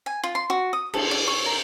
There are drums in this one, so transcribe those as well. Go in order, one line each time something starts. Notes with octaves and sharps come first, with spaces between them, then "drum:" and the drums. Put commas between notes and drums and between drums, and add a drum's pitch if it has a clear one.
G#5
F4
C6
F#4
D#6
A4, drum: cymbal
D5
C#6
A#4